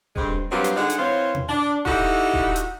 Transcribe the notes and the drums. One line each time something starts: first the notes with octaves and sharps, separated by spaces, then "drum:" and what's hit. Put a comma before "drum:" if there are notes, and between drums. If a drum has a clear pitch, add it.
G2 D3 G#3 C4, drum: kick D#1
G2 F#3 B3 C4 F4 G4
drum: hi-hat
D3 G#3 D#4 F#5
drum: hi-hat
E3 C4 F4 C5 C#5
drum: tom B2
D4
D#4 E4 F#4 G4 A4, drum: kick D#1
drum: kick D#1
drum: hi-hat